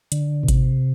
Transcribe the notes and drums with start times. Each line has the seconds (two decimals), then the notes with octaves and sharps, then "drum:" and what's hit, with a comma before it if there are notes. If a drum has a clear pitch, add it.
0.12 D3, drum: hi-hat
0.43 B2
0.48 C3, drum: kick G#1, hi-hat